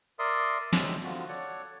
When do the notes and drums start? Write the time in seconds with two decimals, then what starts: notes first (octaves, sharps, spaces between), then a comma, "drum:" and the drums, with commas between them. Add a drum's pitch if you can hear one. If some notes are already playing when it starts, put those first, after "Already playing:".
0.19 A#4 D5 E5 C6 D#6
0.72 G2 A#2 D#3 F#3 G#3 E5, drum: snare
1.04 D3 F3 G3 F4 F#4
1.29 A4 C#5 D5 F#5